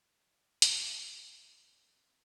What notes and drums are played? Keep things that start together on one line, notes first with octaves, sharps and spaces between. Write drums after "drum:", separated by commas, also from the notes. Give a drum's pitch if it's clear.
D4
C4, drum: hi-hat
B3
C4